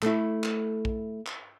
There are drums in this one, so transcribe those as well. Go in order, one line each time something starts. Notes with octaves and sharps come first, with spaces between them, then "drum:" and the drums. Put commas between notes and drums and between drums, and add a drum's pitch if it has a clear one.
A3 E4, drum: clap
drum: clap
drum: kick A#1
drum: clap